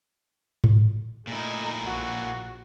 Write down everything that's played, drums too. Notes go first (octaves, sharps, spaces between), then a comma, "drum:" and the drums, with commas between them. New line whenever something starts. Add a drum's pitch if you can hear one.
drum: tom G#2
A#2 A3 D#4 E4
A#1 F#4